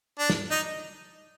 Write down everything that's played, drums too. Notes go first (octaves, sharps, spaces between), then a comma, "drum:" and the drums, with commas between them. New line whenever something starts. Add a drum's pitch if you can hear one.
D4
drum: snare
D#4